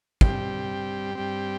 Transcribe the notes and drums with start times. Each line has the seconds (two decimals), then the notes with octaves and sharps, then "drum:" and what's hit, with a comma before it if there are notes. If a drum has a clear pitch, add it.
0.21 G2 G3 C4 G4, drum: kick
1.15 G2 G3 C4